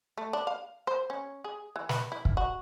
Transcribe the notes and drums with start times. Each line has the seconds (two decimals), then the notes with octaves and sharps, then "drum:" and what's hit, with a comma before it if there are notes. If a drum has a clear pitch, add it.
0.18 A3
0.33 D4
0.47 F5
0.87 C5
1.10 C#4
1.44 G#4
1.76 E3
1.89 B4, drum: snare
2.12 E4
2.25 drum: kick
2.37 F#4